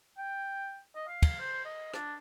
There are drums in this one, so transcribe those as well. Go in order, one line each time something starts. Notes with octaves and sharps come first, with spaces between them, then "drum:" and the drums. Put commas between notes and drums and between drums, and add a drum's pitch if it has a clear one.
G5
D#5
F5
drum: kick, cymbal
C5
D#5
D4, drum: rim click